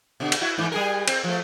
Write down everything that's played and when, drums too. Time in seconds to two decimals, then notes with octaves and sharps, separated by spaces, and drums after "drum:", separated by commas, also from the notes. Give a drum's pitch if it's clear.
0.20 B2 D3
0.32 drum: cymbal
0.41 E4 F#4
0.58 G#2 E3
0.72 G3 G#4 A#4
1.08 C4, drum: cymbal
1.24 F3 A3